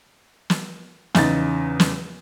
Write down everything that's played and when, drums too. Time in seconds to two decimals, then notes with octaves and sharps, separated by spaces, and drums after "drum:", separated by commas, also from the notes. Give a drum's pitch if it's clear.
0.50 drum: snare
1.15 E2 C#3 D#4 A6, drum: snare
1.80 drum: snare